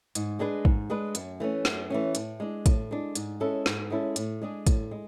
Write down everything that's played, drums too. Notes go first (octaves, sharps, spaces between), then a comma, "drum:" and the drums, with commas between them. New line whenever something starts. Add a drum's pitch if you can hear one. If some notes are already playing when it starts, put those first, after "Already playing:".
G#2, drum: hi-hat
G#3 D4 G#4 B4
G#2, drum: kick
G#3 D4 G#4 B4
F#2, drum: hi-hat
E3 A3 C#4
F#2, drum: snare
E3 A3 C#4
A2, drum: hi-hat
G#3 D4
A2, drum: kick, hi-hat
G#3 D4
G#2, drum: hi-hat
G#3 C#4 E4 A4
G#2, drum: snare
G#3 C#4 E4 A4
A2, drum: hi-hat
G#3 D4 G#4
A2, drum: kick, hi-hat
G#3